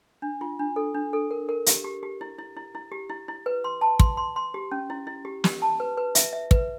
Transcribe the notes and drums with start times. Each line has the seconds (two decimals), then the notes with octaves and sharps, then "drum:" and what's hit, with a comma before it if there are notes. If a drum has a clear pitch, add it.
0.22 D4
0.41 F4
0.59 D4
0.76 A4
0.94 D4
1.13 A4
1.31 A#4
1.49 A#4
1.66 G4, drum: hi-hat
1.84 G4
2.03 G4
2.21 E4
2.39 E4
2.57 E4
2.75 E4
2.92 G4
3.09 E4
3.28 E4
3.46 B4
3.64 C6
3.81 A5
3.99 C6, drum: kick
4.17 C6
4.36 C6
4.54 G4
4.72 C#4
4.90 E4
5.07 E4
5.25 G4
5.44 G4, drum: snare
5.62 A5
5.80 B4
5.97 B4
6.15 E5, drum: hi-hat
6.33 E5
6.51 B4, drum: kick